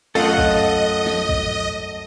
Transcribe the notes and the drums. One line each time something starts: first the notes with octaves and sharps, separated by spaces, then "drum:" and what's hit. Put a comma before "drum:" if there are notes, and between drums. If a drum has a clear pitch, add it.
F#2 A3 F4 A4 D#5 F#5
drum: kick
drum: snare
drum: kick